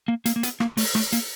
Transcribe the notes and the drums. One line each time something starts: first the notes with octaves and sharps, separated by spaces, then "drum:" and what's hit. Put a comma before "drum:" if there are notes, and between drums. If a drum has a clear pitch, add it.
A#3
A#3, drum: hi-hat
A#3
B3, drum: hi-hat
A#3, drum: rim click
A3, drum: open hi-hat
A3, drum: rim click
A#3, drum: hi-hat